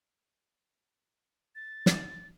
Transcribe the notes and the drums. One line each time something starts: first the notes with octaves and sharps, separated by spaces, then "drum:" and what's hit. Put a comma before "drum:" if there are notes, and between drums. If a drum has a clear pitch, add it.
A6
drum: snare